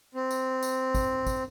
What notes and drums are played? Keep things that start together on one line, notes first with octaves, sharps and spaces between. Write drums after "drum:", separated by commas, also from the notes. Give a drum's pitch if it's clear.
C4
drum: tambourine
drum: tambourine
drum: kick, tambourine
drum: kick, tambourine